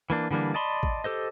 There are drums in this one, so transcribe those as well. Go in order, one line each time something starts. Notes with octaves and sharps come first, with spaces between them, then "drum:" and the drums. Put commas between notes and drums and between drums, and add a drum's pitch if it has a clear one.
E3 A#3 D4
D3 E3 G3 A#3 D4
D5 D#5 A5 B5 C6
drum: kick A1
G4 A4 C5 D#5